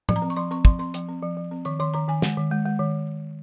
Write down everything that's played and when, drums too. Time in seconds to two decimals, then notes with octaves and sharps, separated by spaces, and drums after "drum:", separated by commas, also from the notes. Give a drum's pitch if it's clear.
0.09 F3, drum: tom
0.16 A#5
0.22 C4
0.30 C#6
0.36 F3 C6
0.51 C4 C#6
0.65 F3 C6, drum: kick
0.79 C4 C6
0.94 F3, drum: hi-hat
1.08 C4
1.23 F3
1.37 F3
1.51 C4
1.65 D#3 C#6
1.80 D#3 C6
1.94 D#3 A#5
2.08 D#3 G#5
2.22 G#3, drum: snare
2.37 D#3
2.51 G#3
2.66 G#3
2.79 D#3